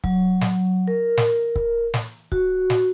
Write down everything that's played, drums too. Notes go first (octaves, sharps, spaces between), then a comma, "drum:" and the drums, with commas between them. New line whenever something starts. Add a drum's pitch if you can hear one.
F#3, drum: kick C#1
drum: snare
A#4
drum: snare
drum: kick C#1
drum: snare
F#4, drum: kick C#1
drum: snare